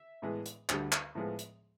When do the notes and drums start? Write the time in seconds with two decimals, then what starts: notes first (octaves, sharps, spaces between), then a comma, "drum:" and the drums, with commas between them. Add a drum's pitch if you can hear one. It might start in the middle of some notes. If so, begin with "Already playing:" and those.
Already playing: E5
0.22 A2 E3 G#3 B3
0.46 drum: hi-hat
0.69 D2 D3 G3, drum: clap
0.92 drum: clap
1.15 A2 F3 G#3 B3
1.39 drum: hi-hat